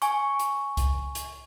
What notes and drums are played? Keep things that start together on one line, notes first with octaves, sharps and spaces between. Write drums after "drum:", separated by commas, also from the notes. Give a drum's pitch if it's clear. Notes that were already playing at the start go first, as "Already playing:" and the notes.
G#5 C#6, drum: hi-hat
drum: hi-hat
drum: kick C2, hi-hat
drum: hi-hat